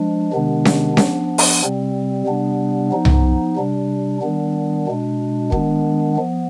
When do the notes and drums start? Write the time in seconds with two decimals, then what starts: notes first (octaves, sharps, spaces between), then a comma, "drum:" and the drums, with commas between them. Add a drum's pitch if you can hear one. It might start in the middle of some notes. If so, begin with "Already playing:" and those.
Already playing: F3 G#3 D4
0.33 C3 D#3 G#3 B3 D4
0.65 drum: snare C#4
0.97 F3 B3 D4, drum: snare C#4
1.38 drum: open hi-hat
1.63 C3 G3 C4
2.27 C3 G3 B3 D4
2.92 F3 B3 D#4
3.05 drum: tom C2
3.57 C3 G3 D4
4.21 D#3 G3 B3 D4
4.87 B2 G#3 D4
5.52 D#3 G#3 B3 D4, drum: kick
6.17 F3 B3